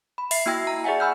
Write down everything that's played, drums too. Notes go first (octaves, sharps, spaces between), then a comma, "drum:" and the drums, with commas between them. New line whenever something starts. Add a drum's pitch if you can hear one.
B5
E5 C7, drum: open hi-hat
A#3 E4 F#4 G5 E6 A#6
A#5
G#4 D5 E5 F#5 G#5
G#5 B5 E6 F6 G6